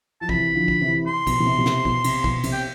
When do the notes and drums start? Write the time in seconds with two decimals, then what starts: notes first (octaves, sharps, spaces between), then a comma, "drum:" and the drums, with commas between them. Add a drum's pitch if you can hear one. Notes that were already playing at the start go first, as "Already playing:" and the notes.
0.21 F3 A5
0.29 C3 E3 B5, drum: kick
0.55 D3 F3
0.68 drum: kick
0.81 C3 E3
1.07 C6
1.27 B2, drum: kick, cymbal
1.40 B2
1.46 C3
1.58 B2
1.66 C3, drum: snare
1.85 B2, drum: kick
2.04 C3, drum: cymbal
2.24 B2, drum: kick
2.43 C3, drum: cymbal
2.52 G5